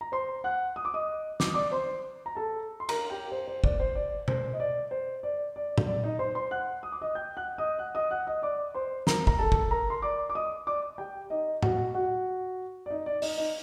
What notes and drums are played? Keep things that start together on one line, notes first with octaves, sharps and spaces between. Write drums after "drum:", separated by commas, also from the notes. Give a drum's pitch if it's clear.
A#5
C5 C6
F#5 F#6
D#6
D6
D#5 D#6
D6, drum: snare
D#6
D5 D6
C5 C6
A#5
A4 A5
C6
A#4 A#5, drum: cymbal
G4 G5
C5
C5
D5, drum: kick
C5
D5
C5, drum: tom B2
D#5
D5
C5
D5
D5
drum: tom
D5
D#4 D#5
C5 C6
C5 C6
F#5 F#6
D#6
D6
D#5 D#6
G5 G6
F#5 F#6
D#5 D#6
F#5 F#6
D#5 D#6
F#5 F#6
D#5 D#6
D5 D6
C5 C6
A#4 A#5, drum: snare
A#5, drum: kick
A4 A5
drum: kick
A#4 A#5
C6
D5 D6
D6
D#5 D#6
D5 D6
G4 G5
D#4 D#5
F#4 F#5, drum: tom A2
F#4 F#5
D5
D#4 D#5
D5
D#4 D#5, drum: open hi-hat
D#4 D#5